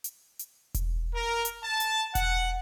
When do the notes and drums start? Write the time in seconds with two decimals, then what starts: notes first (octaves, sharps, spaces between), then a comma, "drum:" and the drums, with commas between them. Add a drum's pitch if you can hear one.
0.04 drum: hi-hat
0.39 drum: hi-hat
0.74 drum: kick E1, hi-hat
1.15 A#4
1.45 drum: hi-hat
1.63 A5
1.80 drum: hi-hat
2.15 F#5, drum: kick E1, hi-hat